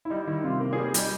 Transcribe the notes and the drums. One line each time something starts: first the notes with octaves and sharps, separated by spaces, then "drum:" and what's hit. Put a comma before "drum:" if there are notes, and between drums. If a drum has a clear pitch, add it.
E4
G3 D#4
D#3 E4
C3 F4
A#3
G#4
G3
G#4
G3 D#4, drum: hi-hat